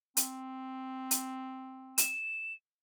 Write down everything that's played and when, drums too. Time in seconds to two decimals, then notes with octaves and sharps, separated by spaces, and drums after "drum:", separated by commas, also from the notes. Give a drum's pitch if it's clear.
0.17 C4, drum: hi-hat
1.11 drum: hi-hat
1.98 E7, drum: hi-hat